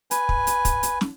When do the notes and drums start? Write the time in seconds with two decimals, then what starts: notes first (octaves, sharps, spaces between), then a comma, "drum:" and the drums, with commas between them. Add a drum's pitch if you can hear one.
0.11 B4 G#5, drum: hi-hat
0.29 drum: kick
0.47 drum: hi-hat
0.65 drum: kick, hi-hat
0.83 drum: hi-hat
1.01 drum: snare